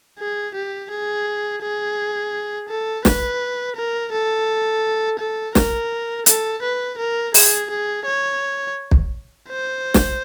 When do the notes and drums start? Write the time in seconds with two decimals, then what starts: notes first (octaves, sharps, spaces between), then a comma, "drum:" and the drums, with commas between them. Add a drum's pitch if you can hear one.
0.19 G#4
0.55 G4
0.91 G#4
1.62 G#4
2.69 A4
3.05 B4, drum: snare
3.76 A#4
4.12 A4
5.19 A4
5.55 A#4, drum: snare
6.26 A4, drum: hi-hat
6.62 B4
6.98 A#4
7.34 G#4, drum: open hi-hat
7.70 G#4
8.06 C#5
8.91 drum: kick
9.49 C5
9.94 drum: snare